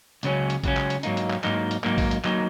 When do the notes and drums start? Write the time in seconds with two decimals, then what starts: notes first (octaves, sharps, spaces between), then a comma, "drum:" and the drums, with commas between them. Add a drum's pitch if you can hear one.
0.23 C#2 C#3 F#3 C#4, drum: hi-hat
0.50 drum: hi-hat
0.64 C#2 C#3 F#3 C#4, drum: kick A1, hi-hat
0.77 drum: clap
0.90 drum: hi-hat
1.03 G#2 F#3 A#3 D#4, drum: hi-hat
1.17 drum: hi-hat
1.31 drum: clap
1.44 G#2 F#3 A#3 D#4, drum: clap
1.71 drum: hi-hat
1.84 G#2 F#3 A#3 D#4, drum: clap
1.98 drum: kick A1, open hi-hat
2.11 drum: hi-hat
2.25 F#3 A#3 D#4, drum: clap